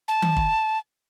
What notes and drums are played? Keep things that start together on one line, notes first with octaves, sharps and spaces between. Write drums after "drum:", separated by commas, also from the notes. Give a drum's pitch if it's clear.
A5
drum: tom D#3
drum: kick